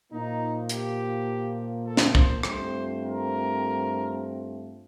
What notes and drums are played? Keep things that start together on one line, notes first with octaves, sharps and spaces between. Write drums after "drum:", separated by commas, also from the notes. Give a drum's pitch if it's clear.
A#2 F3 A#3 D#4
G4, drum: hi-hat
A4
drum: snare
C5, drum: kick
G2 F3 A3 C4 C5, drum: rim click
A#4